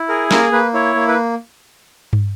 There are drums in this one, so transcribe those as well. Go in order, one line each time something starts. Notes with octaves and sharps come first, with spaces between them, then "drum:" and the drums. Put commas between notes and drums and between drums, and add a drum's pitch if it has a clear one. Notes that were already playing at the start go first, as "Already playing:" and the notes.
Already playing: E4
G#4 A#4
A#3 A#4, drum: snare
A#3 B4
E4 C#5
A#3
B4
drum: tom G2